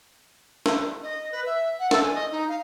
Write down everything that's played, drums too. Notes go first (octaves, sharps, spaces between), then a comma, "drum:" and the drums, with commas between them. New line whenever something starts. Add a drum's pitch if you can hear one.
drum: snare
D#5
B4
E5
F#5
A4, drum: snare
G#5
D#5
D#4
F5